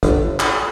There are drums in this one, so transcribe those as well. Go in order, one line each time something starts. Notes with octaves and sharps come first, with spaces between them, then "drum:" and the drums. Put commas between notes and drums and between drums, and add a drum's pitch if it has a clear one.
G1, drum: kick, hi-hat
drum: clap